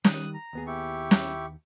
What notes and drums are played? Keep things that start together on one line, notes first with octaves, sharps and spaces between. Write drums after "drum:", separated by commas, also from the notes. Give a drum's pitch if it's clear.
D#3 G3 D#6 F#6, drum: snare
A#5
D#2 B3 G#4
E4 G4 C#6
drum: snare